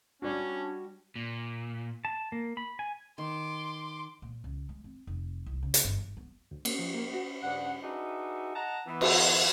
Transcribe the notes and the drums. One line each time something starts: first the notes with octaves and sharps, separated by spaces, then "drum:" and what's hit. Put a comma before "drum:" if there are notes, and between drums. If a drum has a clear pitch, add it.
G3 C#4 D4 F#4
A#2
A5
A#3
B5
G#5
D#3 C6 D6
A#2
C#2
G#3
C4
F1
C2
C#3
drum: hi-hat
G1
G#2
B3
D2
A#3, drum: cymbal
F3
A#3
F#4
G2 C#3 D4 F#5
D4 D#4 F#4 G#4 B4 E5
D#5 F#5 A5 A#5
E3 B3
drum: cymbal